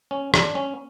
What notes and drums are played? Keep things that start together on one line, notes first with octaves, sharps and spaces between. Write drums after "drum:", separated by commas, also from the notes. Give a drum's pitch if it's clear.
C#4
D4, drum: rim click
C#4